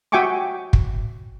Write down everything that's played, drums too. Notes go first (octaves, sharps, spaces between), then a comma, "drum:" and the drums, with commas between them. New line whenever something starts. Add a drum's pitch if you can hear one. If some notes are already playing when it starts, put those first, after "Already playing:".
F#4 E5 G5 G#5 C#6 D6
drum: kick